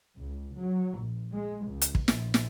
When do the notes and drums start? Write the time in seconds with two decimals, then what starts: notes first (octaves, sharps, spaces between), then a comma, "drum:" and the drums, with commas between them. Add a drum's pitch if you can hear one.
0.17 C#2
0.58 F#3
0.99 A#1
1.34 G#3
1.66 C#2
1.82 drum: hi-hat
1.95 drum: kick
2.08 A#1, drum: snare
2.34 drum: snare